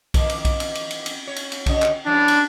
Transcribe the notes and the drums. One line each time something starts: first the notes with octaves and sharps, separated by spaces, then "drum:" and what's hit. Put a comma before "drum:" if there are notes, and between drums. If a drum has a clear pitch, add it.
D#3 E3 A#3, drum: kick B1, cymbal
drum: cymbal
drum: kick B1, cymbal
drum: cymbal
drum: cymbal
drum: cymbal
drum: cymbal
C#5
drum: cymbal
drum: cymbal
C#3 F#4 D#5, drum: kick B1, cymbal
drum: clap
E3 G3 C#4 D4
drum: cymbal